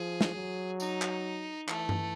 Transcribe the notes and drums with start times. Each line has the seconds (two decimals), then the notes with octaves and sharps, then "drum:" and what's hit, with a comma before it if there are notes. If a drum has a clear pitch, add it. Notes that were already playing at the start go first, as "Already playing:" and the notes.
Already playing: F3 G#4
0.21 drum: snare
0.35 F#3
0.80 D#4, drum: tambourine
1.02 drum: clap
1.68 E3 A3, drum: clap
1.89 drum: tom G2